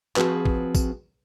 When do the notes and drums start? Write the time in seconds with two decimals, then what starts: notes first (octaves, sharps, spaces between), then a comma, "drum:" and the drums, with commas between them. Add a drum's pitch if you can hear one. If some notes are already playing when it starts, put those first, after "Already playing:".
0.16 F3 C4 F#4 G#4 B4, drum: clap
0.45 drum: kick A1
0.75 drum: kick A1, tambourine